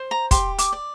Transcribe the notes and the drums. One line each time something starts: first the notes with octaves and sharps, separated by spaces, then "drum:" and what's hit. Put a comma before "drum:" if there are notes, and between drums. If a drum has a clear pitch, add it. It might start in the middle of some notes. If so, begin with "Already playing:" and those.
Already playing: C5
A#5
G4 C6, drum: kick, hi-hat
D6, drum: hi-hat
D5